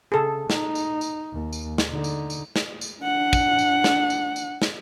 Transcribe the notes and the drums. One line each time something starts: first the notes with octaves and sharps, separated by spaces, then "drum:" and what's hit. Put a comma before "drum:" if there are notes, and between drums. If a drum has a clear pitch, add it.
C#3 G#4 A4
D#4, drum: snare
drum: tambourine
drum: tambourine
D#2
drum: tambourine
drum: snare
D3 D#4
drum: tambourine
drum: tambourine
drum: snare
drum: tambourine
D4 F#5
drum: kick, tambourine
drum: tambourine
drum: snare
drum: tambourine
drum: tambourine
drum: snare